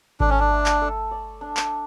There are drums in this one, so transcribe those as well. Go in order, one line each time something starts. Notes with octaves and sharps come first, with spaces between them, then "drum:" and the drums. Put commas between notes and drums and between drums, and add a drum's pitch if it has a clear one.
D4 A4, drum: kick G#1
C#4
D4
A3
drum: clap
A4
D5
D4
drum: clap